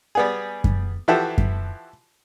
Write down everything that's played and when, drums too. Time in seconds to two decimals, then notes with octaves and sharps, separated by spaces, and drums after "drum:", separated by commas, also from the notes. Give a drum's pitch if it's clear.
0.15 G3 B3 G#4
0.64 drum: kick F#2
1.08 E3 F3 E4 F#4 G4 A4
1.38 drum: kick F#2